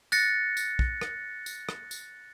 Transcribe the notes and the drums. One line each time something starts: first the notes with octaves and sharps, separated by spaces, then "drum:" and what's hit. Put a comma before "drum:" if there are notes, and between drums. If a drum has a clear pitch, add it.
F#6 A6 A#6 C#7, drum: tambourine
drum: tambourine
drum: kick
drum: rim click
drum: tambourine
drum: rim click
drum: tambourine